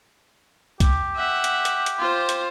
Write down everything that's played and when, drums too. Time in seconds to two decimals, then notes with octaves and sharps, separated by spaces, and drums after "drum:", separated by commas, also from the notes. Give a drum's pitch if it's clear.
0.80 G4, drum: kick, hi-hat
1.16 E5 F#5
1.44 drum: hi-hat
1.65 drum: hi-hat
1.86 drum: hi-hat
1.99 F4 C5
2.29 drum: hi-hat